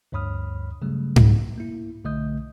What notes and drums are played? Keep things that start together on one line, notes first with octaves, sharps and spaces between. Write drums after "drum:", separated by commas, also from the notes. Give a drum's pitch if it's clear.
D2 G2 C#5 B5 D#6 F6
C#3 F#3 G3 A3
drum: tom G#2
A#3 E4
B1 D3 A3 D#5 D#6 G6